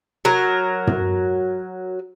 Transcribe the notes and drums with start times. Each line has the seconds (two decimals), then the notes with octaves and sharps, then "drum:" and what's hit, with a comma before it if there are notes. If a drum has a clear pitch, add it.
0.25 F#3 A#4
0.87 drum: tom